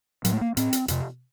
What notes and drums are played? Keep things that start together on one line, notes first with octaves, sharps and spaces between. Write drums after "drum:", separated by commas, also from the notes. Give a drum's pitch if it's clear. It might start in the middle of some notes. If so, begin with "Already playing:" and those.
A2 F#3, drum: hi-hat
A3
A#3
A2 C4, drum: hi-hat
drum: hi-hat
F2 C3, drum: hi-hat